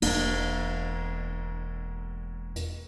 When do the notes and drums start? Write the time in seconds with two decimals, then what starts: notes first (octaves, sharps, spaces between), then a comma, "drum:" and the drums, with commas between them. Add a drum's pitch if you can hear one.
0.02 E1 A#3 D4, drum: cymbal
2.56 drum: hi-hat